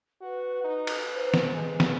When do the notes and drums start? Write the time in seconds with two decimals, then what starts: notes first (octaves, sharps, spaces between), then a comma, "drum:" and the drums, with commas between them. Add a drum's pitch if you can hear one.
0.22 F#4 B4
0.64 D#4
0.87 drum: cymbal
1.16 C5
1.34 drum: snare
1.54 G#3
1.80 drum: snare